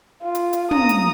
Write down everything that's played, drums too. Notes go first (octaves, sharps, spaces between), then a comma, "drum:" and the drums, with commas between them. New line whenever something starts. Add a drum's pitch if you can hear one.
F4
drum: hi-hat
drum: hi-hat
A#5 D#6, drum: tom
drum: hi-hat